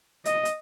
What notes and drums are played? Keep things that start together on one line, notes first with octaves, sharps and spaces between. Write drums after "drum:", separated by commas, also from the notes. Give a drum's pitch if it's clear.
D#5, drum: hi-hat
drum: hi-hat